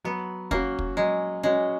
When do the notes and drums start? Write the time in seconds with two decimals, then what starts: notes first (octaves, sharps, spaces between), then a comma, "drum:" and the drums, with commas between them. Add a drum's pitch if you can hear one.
0.04 F#3 B3
0.51 A#3 C#4 F#4, drum: kick
0.79 drum: kick
0.97 F#3 G#3
1.43 G#3 C#4 F#4